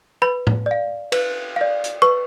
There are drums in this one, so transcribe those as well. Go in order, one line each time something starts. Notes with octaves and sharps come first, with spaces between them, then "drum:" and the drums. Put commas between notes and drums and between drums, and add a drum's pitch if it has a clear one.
B4 B5
drum: tom
D5 F5
B4, drum: cymbal
D5 F5
drum: hi-hat
B4 C#6